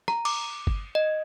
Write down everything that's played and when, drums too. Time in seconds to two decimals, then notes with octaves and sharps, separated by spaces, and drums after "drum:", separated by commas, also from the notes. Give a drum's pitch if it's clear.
0.08 A#5, drum: rim click
0.25 D6, drum: cymbal
0.67 drum: kick G1
0.95 D#5